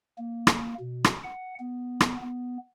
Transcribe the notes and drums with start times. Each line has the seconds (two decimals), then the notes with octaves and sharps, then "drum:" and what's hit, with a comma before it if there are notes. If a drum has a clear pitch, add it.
0.18 A#3
0.47 drum: rim click
0.80 B2
1.04 drum: rim click
1.24 F#5
1.59 B3
2.00 drum: rim click
2.22 B3